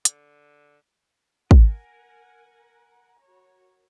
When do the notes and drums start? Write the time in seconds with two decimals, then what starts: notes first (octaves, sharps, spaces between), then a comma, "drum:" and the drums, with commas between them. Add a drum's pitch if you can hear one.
0.05 D3, drum: hi-hat
1.51 A#4 F#5 G#5, drum: kick
3.20 F#4 C#5